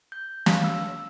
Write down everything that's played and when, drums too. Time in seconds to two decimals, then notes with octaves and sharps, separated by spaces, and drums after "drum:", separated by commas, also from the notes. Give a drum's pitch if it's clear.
0.12 G6
0.46 F5, drum: snare
0.64 E6